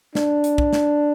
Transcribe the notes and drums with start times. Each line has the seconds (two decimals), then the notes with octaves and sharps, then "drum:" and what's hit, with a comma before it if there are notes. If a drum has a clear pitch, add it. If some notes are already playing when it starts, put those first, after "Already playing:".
0.15 D4, drum: snare
0.44 drum: hi-hat
0.58 drum: kick
0.73 drum: snare